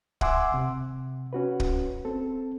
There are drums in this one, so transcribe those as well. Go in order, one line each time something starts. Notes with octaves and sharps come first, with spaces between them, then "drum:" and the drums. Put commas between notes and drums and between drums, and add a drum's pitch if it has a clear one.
E5 F#5 G#5 C6 D6 E6, drum: kick
C3
C#4 F#4 B4
drum: kick
C4 A4